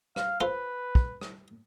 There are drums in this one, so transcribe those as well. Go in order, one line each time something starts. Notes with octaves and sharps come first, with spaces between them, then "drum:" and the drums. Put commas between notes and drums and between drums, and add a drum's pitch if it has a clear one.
F5, drum: rim click
F4 A4 B4 C5
drum: kick
drum: rim click